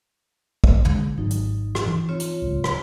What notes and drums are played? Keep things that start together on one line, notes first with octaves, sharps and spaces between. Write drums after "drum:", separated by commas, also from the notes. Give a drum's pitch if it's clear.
drum: kick
B2 D3 G#3, drum: tom
G#1 D#3 F#3 D#4
drum: hi-hat
drum: rim click
E3 F3
C4 F4 C#5
drum: hi-hat
D1 C#2
drum: rim click